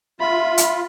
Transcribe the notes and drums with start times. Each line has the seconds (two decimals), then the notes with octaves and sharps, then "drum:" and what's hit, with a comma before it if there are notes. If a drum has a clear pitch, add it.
0.20 F4 E5 B5
0.58 drum: hi-hat